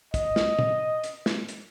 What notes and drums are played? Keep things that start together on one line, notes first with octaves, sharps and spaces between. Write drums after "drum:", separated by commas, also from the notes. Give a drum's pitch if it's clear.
D#5, drum: kick, hi-hat
drum: snare
drum: tom A#2
drum: hi-hat
drum: snare
drum: hi-hat